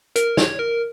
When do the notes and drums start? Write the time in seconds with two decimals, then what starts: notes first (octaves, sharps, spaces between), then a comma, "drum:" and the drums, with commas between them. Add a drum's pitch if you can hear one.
0.16 A#4, drum: hi-hat
0.37 C#5, drum: snare
0.59 A#4